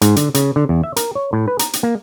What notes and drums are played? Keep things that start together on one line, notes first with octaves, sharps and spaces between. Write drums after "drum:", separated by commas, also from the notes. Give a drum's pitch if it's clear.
G#2, drum: hi-hat
D3, drum: hi-hat
C#3, drum: hi-hat
D3
E2
E5
A#4, drum: hi-hat
C#5
A2
B4
A#5, drum: hi-hat
drum: hi-hat
A#3